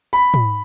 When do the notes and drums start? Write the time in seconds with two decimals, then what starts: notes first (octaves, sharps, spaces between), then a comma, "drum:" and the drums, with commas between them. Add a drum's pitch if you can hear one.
0.13 B5
0.34 drum: tom